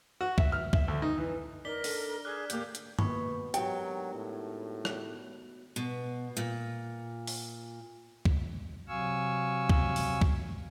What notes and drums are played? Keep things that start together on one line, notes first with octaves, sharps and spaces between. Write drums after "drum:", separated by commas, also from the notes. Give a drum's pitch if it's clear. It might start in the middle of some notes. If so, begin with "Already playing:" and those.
F#4
E5, drum: kick
F6
E5, drum: kick
D2
D#4
E3
D#4 A#4 D5 B6 G7
D4 A4, drum: open hi-hat
G#4 D5 D6 F6 F#6
D#2 A2 A#3 G4 G6, drum: hi-hat
drum: hi-hat
B2 A#3 D#5 B5 C#6, drum: tom G2
G#2 D#3 F#3 D4 G4 G5, drum: hi-hat
A2
drum: rim click
B2
A#2
drum: open hi-hat
drum: kick
C3 F#3 F5 G#5 C#6 E6
drum: kick
drum: open hi-hat
drum: kick